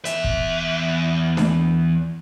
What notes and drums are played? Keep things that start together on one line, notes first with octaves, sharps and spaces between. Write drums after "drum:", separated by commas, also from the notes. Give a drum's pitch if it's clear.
E2 E5, drum: hi-hat
drum: kick
drum: snare D4